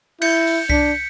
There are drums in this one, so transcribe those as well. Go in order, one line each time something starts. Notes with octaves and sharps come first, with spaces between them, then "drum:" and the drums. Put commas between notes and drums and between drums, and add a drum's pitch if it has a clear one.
E4 G6 C#7, drum: cymbal
drum: open hi-hat
D4 B6 C#7, drum: kick C2